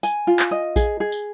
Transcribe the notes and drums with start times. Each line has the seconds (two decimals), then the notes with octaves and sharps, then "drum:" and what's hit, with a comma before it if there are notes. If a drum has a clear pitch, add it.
0.03 G#5, drum: tambourine
0.27 F4
0.39 drum: clap
0.51 D#5
0.76 G#4, drum: kick A#1, tambourine
1.00 G#4
1.12 drum: tambourine